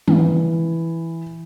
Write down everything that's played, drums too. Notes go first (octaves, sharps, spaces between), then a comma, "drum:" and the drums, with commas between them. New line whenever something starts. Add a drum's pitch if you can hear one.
E3, drum: tom